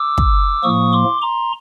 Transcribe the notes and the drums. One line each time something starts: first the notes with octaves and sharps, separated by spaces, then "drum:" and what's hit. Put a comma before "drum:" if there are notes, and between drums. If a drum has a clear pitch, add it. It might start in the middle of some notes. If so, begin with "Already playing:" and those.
Already playing: D6 E6
drum: kick
A2 F3 A#3 C#6 D#6
C6 D6
A#5 C6